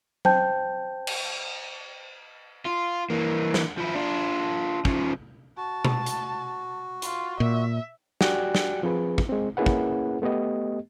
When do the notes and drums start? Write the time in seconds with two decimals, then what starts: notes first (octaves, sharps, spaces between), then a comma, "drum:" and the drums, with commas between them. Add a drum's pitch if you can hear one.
0.25 C5 G5 A5 G6, drum: tom F#3
1.07 drum: cymbal
2.66 F4
3.10 E3 A#3
3.54 drum: snare
3.78 F3 E4
3.95 D4 F4
4.85 C#3 F3, drum: kick
5.57 F#4 A5
5.85 drum: tom B2
6.06 drum: hi-hat
7.02 F4, drum: hi-hat
7.40 A#2 E5
8.21 F#4 G4 D5 G5 G#5 F#6, drum: snare
8.55 drum: snare
8.83 F3 C4 G#4 B4
9.18 drum: kick
9.29 G#3 C4
9.57 A#3 C#4 E4 G#4 B4 F#5
9.66 drum: kick
10.22 A3 B3 G4 D#5